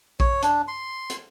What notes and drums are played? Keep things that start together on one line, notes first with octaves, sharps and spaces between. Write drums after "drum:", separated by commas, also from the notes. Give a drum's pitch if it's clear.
C#5, drum: kick A#1
D4, drum: hi-hat
C6
drum: hi-hat